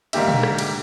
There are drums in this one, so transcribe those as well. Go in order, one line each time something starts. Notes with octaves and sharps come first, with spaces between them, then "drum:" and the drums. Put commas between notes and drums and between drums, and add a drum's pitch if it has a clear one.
G#2 D3 A#3 G4 E5, drum: cymbal
drum: tom
drum: rim click
drum: cymbal